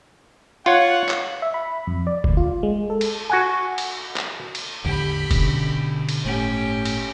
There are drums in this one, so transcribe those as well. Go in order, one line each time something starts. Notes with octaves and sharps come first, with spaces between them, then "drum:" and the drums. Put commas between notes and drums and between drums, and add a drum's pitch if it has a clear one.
F4 C#5 F#5
drum: clap
E5
B5
F2
D5
D2, drum: kick F1
F4
G#3
A4
drum: cymbal
F#4 F#5 G#5
drum: cymbal
drum: clap
drum: cymbal
A1 E2 D3 G4 B5
B2 D3 C#4, drum: kick F1, cymbal
drum: cymbal
G1 A2 A3 C#4 G4
drum: cymbal